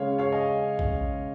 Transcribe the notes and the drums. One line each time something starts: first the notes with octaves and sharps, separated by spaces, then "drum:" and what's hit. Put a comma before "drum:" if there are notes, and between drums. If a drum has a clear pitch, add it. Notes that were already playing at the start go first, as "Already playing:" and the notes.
Already playing: C#3 G#3 C#4 C#5 F5
C#5 F5
D#5 G#5
drum: kick A#1